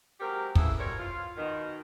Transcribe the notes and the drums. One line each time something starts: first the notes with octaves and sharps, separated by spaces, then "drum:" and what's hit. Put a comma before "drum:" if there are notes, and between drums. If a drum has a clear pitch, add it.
F#3 G#3 C4 G4 A#4
F2 C#3 E3 B3 E4, drum: kick
B2 E3 G3 A#4 C5 C#5
F4
B2 D#3